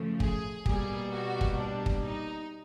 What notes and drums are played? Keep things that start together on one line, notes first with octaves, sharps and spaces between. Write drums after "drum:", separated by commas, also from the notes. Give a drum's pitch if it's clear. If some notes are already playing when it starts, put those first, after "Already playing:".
Already playing: F#2 C#3 F3 A3
G#4, drum: kick
B2 G3 A#3 G#4, drum: kick
F#4
drum: kick
D4
drum: kick
D#4